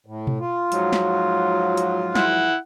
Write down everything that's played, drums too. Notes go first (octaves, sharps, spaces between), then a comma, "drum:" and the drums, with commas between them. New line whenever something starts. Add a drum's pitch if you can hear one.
A2
drum: tom B2
F4
G#2 F3 F#3, drum: hi-hat
drum: snare
drum: hi-hat
E4 F#5, drum: snare